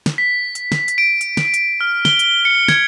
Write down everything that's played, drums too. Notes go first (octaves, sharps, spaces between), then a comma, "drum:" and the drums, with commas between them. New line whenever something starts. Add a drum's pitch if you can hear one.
drum: snare
B6
drum: hi-hat
drum: snare
drum: hi-hat
D7
drum: hi-hat
drum: snare
drum: hi-hat
F6
G7, drum: snare
drum: hi-hat
C#7
G#6, drum: snare